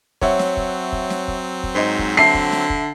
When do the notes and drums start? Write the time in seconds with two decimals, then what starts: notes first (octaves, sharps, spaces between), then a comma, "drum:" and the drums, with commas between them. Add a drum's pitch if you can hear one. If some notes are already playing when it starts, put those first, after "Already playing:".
0.22 F#3 C4 C#5 E5 F#5, drum: kick
0.39 drum: snare
0.57 drum: kick
0.92 drum: kick
1.10 drum: snare
1.28 drum: kick
1.63 drum: kick
1.75 G#2 C5 D#5
1.99 drum: kick
2.17 D3 E5 A5 C7
2.34 drum: kick
2.52 drum: snare
2.70 drum: kick